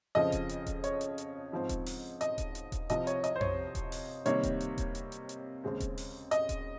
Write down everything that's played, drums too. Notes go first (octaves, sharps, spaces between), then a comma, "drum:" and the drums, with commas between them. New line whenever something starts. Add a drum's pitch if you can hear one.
F2 C#3 F3 D#5
drum: kick D#1, hi-hat
drum: hi-hat
drum: kick D#1, hi-hat
C#5, drum: hi-hat
drum: hi-hat
drum: hi-hat
G#2 F3 C4
drum: kick D#1, hi-hat
drum: open hi-hat
D#5, drum: hi-hat
drum: kick D#1, hi-hat
drum: hi-hat
drum: kick D#1, hi-hat
C2 C3 F3 D#5, drum: hi-hat
C#5, drum: hi-hat
D#5, drum: hi-hat
C5
C#5, drum: tom F2
drum: kick D#1, hi-hat
drum: open hi-hat
C3 D#3 G3 A#3 C#5, drum: hi-hat
drum: kick D#1, hi-hat
drum: hi-hat
drum: kick D#1, hi-hat
drum: hi-hat
drum: hi-hat
drum: hi-hat
D#2 C#3 G#3 C4
drum: kick D#1, hi-hat
drum: open hi-hat
D#5, drum: hi-hat
drum: kick D#1, hi-hat